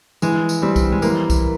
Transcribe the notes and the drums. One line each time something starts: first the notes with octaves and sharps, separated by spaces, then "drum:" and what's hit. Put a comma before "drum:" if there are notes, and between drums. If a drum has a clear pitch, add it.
E3 G#3, drum: tambourine
drum: tambourine
G3 C4
drum: kick B1, tambourine
G#3
E3 A#3, drum: tambourine
drum: kick B1, tambourine